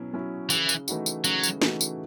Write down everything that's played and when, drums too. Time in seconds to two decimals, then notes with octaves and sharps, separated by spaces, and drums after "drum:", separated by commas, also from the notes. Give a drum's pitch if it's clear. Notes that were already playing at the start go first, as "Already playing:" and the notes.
Already playing: B2 F#3 C#4 E4
0.13 F#3 C#4 E4
0.50 C#3 E3, drum: tambourine
0.69 drum: tambourine
0.88 E3 A3 D#4 F#4, drum: tambourine
1.06 drum: tambourine
1.24 C#3 F#3, drum: tambourine
1.43 drum: tambourine
1.62 E3 A3 D#4 F#4, drum: snare
1.81 drum: tambourine